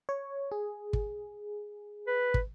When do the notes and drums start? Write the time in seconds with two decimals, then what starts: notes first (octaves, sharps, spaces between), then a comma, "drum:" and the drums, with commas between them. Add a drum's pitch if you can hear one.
0.09 C#5
0.52 G#4
0.93 drum: kick
2.07 B4
2.34 drum: kick